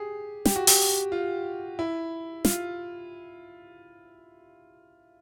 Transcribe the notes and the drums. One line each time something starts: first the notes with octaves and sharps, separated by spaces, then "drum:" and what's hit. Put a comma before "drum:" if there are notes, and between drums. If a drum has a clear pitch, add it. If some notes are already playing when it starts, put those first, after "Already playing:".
Already playing: G4 G#4
G4, drum: snare
F#4
G4, drum: open hi-hat
F4
E4
F4, drum: snare